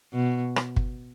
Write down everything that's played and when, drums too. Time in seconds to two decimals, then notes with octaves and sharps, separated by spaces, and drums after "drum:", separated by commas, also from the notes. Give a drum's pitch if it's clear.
0.13 B2
0.56 drum: rim click
0.76 drum: kick